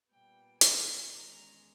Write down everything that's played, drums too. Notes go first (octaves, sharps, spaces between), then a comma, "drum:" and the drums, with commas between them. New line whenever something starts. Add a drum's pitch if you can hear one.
A#2 G3 B3 G5
G#5, drum: hi-hat
E2 D#3 G#3 C#4 A#5